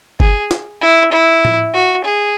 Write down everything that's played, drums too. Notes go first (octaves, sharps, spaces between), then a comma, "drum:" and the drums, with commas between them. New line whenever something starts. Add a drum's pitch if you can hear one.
G#4, drum: kick G1
drum: snare
E4
E4
drum: tom A2
F#4
G#4